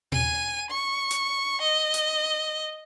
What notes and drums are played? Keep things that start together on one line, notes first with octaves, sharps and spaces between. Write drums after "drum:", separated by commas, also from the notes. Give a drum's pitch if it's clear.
G#5 D#7, drum: tom
C#6
drum: hi-hat
D#5
drum: hi-hat